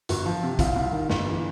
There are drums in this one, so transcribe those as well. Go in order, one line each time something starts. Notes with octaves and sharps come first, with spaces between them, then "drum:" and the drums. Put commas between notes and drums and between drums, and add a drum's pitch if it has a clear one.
G1 F#4, drum: hi-hat
F3
C3
C2 F4, drum: kick, hi-hat
C2
D#3
G1, drum: snare
E3